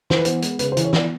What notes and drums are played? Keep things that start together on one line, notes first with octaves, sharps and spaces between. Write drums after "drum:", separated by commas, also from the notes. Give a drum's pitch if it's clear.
E3 C5, drum: snare
B4
B3 C5, drum: hi-hat
G#3, drum: hi-hat
C#3 B4, drum: hi-hat
C5
E3, drum: hi-hat
C#5
B3 D5, drum: snare